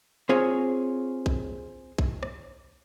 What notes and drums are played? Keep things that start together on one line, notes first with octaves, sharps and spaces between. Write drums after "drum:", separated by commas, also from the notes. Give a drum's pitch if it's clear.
C4 F4 G#4 C#5 G#5
drum: kick
drum: kick
drum: rim click